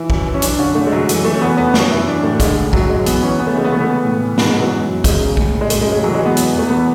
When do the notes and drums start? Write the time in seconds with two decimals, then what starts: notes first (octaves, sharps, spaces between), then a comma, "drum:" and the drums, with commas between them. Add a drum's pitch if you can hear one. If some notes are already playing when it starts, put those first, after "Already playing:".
Already playing: E3 E4
0.10 F#2, drum: kick
0.26 E3
0.34 C#4
0.42 F#2 D4, drum: hi-hat
0.59 D3 C#4
0.75 D3 A3
0.86 G#3
0.92 F#2 F#3
1.09 E3, drum: hi-hat
1.25 E3 A3
1.35 C#4
1.41 E2 B3
1.58 E2 B3
1.74 F#2 C#4, drum: snare
1.91 F#2 E4
2.07 E3 D4
2.23 A2 A3
2.40 D3 G#3, drum: kick, hi-hat
2.57 D3
2.73 F#2 F#3, drum: kick
2.89 F#2 G#3
3.06 E3 B3, drum: hi-hat
3.23 E3 C#4
3.39 E3 B3
3.47 A3
3.56 C#3 G#3
3.64 B3
3.72 E3 A3
3.80 B3
3.89 E3
4.05 A2
4.22 E3
4.38 G#2 B3, drum: snare
4.49 G#3
4.55 E3 F#3
4.71 F#2
4.88 F#2
5.04 E2 G#3, drum: kick, hi-hat
5.21 C#3
5.37 A2, drum: kick
5.54 A2
5.61 G#3
5.70 F#2 A3, drum: hi-hat
5.81 G#3
5.86 C#3
5.92 G#3
6.03 E3 F#3
6.14 G#3
6.19 E3
6.25 B3
6.37 E2, drum: hi-hat
6.53 E2
6.58 A3
6.69 E3 B3